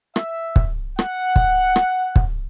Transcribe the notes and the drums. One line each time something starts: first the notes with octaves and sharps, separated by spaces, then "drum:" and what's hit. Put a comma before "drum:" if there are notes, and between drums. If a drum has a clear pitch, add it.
E5, drum: rim click
drum: kick
F#5, drum: rim click
drum: kick
drum: rim click
drum: kick